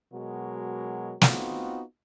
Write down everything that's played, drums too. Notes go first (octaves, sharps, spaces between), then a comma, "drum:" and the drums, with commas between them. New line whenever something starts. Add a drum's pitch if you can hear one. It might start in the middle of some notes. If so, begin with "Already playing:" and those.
B2 F#3 G#3 F#4 A#4
B3 C4 D#4 F4 F#4, drum: snare